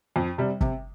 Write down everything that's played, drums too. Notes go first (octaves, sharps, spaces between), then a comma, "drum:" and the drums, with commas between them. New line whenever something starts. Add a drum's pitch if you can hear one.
F2
C3 G3
C3, drum: kick